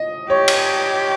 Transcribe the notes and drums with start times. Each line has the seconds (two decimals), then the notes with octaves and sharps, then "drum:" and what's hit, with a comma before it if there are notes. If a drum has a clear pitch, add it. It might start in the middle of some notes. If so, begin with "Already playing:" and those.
Already playing: D#5
0.30 G4 C#5
0.48 drum: cymbal